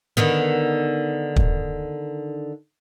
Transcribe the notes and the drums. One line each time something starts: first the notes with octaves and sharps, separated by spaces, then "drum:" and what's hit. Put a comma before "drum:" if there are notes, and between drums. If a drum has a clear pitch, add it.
D3 D#3 B3
drum: kick